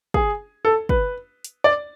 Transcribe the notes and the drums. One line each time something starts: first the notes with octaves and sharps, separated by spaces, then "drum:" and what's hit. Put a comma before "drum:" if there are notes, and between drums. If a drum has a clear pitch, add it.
G#4, drum: kick
A4
B4, drum: kick
drum: hi-hat
D5